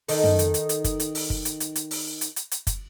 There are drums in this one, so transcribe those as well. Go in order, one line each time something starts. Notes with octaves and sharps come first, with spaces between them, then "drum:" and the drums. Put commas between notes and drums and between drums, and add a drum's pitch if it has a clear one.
D#3 D#4 A4, drum: open hi-hat
drum: tom
drum: hi-hat
drum: hi-hat
drum: hi-hat
drum: kick, hi-hat
drum: hi-hat
drum: open hi-hat
drum: kick
drum: hi-hat
drum: hi-hat
drum: hi-hat
drum: open hi-hat
drum: hi-hat
drum: hi-hat
drum: hi-hat
drum: kick, hi-hat